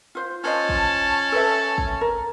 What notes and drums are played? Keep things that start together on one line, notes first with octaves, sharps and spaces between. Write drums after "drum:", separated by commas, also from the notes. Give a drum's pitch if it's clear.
F4 C5
C#4 F4 C5 D#5 A5
drum: kick
A4 B4 E5
drum: kick
A#4